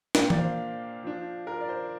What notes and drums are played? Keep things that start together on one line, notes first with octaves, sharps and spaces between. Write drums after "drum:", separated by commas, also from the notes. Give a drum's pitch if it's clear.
A#2 A#3 D4 D5 G5, drum: snare
D5, drum: tom E3
C5 F5
F3 D4
A#4
D5
C5